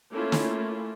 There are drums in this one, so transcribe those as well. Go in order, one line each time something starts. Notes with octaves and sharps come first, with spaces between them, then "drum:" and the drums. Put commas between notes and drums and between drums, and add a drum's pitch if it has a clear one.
A3 A#3 C#4 E4 F4
drum: snare